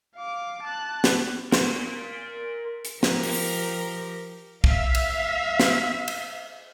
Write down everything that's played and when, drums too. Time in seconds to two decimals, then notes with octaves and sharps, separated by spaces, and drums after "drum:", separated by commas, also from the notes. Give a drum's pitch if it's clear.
0.16 F5 D6
0.63 A5 F#6
1.04 drum: snare
1.52 A#4 C6, drum: snare
2.85 drum: hi-hat
3.03 F3 G4 A#4, drum: snare
3.23 drum: open hi-hat
4.64 E5 F5, drum: kick
4.95 drum: cymbal
5.60 drum: snare
6.08 drum: cymbal